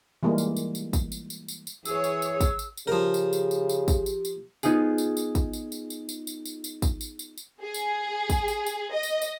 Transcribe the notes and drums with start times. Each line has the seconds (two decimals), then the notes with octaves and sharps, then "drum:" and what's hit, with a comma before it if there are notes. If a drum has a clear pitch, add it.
0.23 E3 G3 G#3 A#3
0.38 drum: tambourine
0.56 drum: tambourine
0.75 drum: tambourine
0.93 drum: kick, tambourine
1.12 drum: tambourine
1.30 drum: tambourine
1.49 drum: tambourine
1.67 drum: tambourine
1.85 E3 G#4 C#5 E6, drum: tambourine
2.04 drum: tambourine
2.22 drum: tambourine
2.41 drum: kick, tambourine
2.59 drum: tambourine
2.77 drum: tambourine
2.87 C#3 F3 G4 G#4 A#4
3.14 drum: tambourine
3.33 drum: tambourine
3.51 drum: tambourine
3.69 drum: tambourine
3.88 drum: kick, tambourine
4.06 drum: tambourine
4.25 drum: tambourine
4.63 B3 D#4 F4 G#4, drum: tambourine
4.98 drum: tambourine
5.17 drum: tambourine
5.35 drum: kick, tambourine
5.53 drum: tambourine
5.72 drum: tambourine
5.90 drum: tambourine
6.09 drum: tambourine
6.27 drum: tambourine
6.46 drum: tambourine
6.64 drum: tambourine
6.82 drum: kick, tambourine
7.01 drum: tambourine
7.19 drum: tambourine
7.38 drum: tambourine
7.61 G#4
7.74 drum: tambourine
8.30 drum: kick, tambourine
8.48 drum: tambourine
8.66 drum: tambourine
8.92 D#5
9.03 drum: tambourine
9.22 drum: tambourine